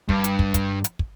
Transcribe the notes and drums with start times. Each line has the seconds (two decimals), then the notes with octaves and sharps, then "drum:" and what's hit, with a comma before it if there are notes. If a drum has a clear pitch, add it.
0.09 G2, drum: kick
0.24 drum: hi-hat
0.39 drum: kick
0.54 drum: kick, hi-hat
0.84 drum: hi-hat
0.99 drum: kick